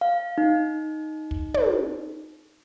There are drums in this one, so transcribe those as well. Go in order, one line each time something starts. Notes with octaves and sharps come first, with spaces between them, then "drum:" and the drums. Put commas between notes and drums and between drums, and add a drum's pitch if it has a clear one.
F5
D#4
drum: kick
drum: tom